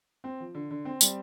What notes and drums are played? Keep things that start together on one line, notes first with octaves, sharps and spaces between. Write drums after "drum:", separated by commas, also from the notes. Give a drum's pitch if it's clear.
C4
F3
D3
D3
C4
G3, drum: tambourine